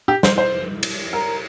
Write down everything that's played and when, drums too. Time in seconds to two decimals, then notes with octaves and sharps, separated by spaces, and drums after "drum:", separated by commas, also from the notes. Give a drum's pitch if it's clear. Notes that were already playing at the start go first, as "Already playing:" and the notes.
0.08 G4
0.23 C5, drum: snare
0.38 C5
0.83 drum: cymbal
1.13 A#4